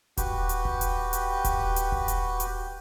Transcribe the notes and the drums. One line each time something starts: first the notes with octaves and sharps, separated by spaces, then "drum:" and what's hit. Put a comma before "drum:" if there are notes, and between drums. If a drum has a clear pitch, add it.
F#4 G4 B4, drum: kick D#1, hi-hat
drum: hi-hat
drum: kick D#1
drum: hi-hat
drum: hi-hat
drum: kick D#1, hi-hat
drum: hi-hat
drum: kick D#1
drum: hi-hat
drum: hi-hat